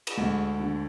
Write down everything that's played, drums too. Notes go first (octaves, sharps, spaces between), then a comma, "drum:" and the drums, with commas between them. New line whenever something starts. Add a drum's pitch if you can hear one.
drum: cymbal
D2 G#3
D3